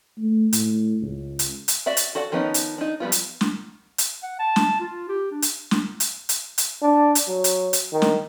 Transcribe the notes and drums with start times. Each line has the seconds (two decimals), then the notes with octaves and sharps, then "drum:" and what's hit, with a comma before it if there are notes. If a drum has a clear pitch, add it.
0.18 A3
0.53 A2, drum: hi-hat
1.02 C#2
1.39 drum: hi-hat
1.68 drum: hi-hat
1.86 F#4 D5 E5 F#5
1.97 drum: hi-hat
2.15 F#4 A4 D5 F#5
2.32 D#3 F3 B3 C#4 D#4
2.54 drum: hi-hat
2.78 D4 D#4
3.00 F3 G3 B3 F4
3.12 drum: hi-hat
3.41 drum: snare
3.98 drum: hi-hat
4.23 F#5
4.39 A5
4.56 drum: snare
4.80 F4
5.09 G4
5.31 D4
5.42 drum: hi-hat
5.71 drum: snare
6.00 drum: hi-hat
6.29 drum: hi-hat
6.58 drum: hi-hat
6.82 D4
7.15 drum: hi-hat
7.28 F#3
7.44 drum: hi-hat
7.73 drum: hi-hat
7.92 D#3
8.02 drum: snare